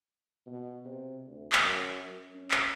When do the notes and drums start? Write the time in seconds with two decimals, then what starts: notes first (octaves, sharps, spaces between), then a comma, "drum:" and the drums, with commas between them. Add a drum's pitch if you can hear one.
0.46 B2
0.85 C3
1.27 D2
1.52 drum: clap
1.63 F#2
2.03 F#2
2.35 C#4
2.51 drum: clap